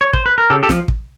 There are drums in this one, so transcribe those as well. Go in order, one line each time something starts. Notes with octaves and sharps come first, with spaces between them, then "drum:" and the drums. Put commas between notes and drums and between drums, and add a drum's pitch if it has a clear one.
C#5
C5, drum: kick
B4
A#4
C#3 G4 A4
G4 A4
F3, drum: snare
drum: kick